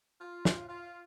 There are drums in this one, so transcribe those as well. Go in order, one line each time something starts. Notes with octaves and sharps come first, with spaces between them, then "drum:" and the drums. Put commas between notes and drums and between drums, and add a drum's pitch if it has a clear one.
F4
drum: snare
F4